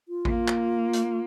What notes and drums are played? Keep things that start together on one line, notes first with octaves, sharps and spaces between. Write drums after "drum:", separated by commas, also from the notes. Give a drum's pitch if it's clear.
F4
A#3, drum: kick A1
drum: clap
drum: hi-hat